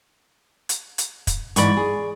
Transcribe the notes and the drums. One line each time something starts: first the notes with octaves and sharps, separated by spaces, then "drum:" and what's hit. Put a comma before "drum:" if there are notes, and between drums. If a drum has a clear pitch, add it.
drum: hi-hat
drum: hi-hat
drum: kick, hi-hat
G#2 E3 D5 B5 C#6, drum: hi-hat
G#4